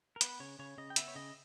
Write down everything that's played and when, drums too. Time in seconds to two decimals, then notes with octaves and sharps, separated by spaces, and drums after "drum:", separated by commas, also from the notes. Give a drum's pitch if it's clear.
0.16 A#4
0.21 B3 B4, drum: hi-hat
0.40 C#3 C#5
0.59 C#3 C#5
0.78 C#3 D#5
0.90 G5
0.96 B3 E5, drum: hi-hat
1.08 C#5
1.15 C#3 D#5